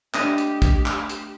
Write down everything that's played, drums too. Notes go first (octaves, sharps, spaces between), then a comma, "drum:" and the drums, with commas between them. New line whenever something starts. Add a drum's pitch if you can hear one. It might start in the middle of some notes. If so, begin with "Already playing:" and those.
A3 D4 G4 D#5, drum: clap
drum: hi-hat
drum: kick, hi-hat
drum: clap
drum: hi-hat